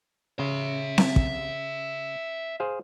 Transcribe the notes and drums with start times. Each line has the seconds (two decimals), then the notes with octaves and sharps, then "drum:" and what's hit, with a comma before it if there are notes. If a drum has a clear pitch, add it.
0.39 C#3 E5 C6
0.98 drum: snare C4
1.16 drum: kick
2.60 G#4 C5 F5